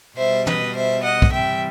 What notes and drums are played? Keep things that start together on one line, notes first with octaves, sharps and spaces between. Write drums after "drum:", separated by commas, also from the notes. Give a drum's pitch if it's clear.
B2 G3 C5 E5
B4 D#5, drum: tom
C5 E5
D#5 F#5
drum: kick
C3 E3 G3 E5 G5